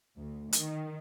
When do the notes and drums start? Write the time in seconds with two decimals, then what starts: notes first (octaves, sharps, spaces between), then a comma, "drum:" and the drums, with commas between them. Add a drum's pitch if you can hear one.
0.17 D2
0.53 D#3, drum: hi-hat